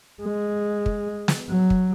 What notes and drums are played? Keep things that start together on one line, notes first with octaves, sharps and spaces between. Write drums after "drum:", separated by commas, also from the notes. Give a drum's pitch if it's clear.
G#3
drum: kick
drum: snare
F#3
drum: kick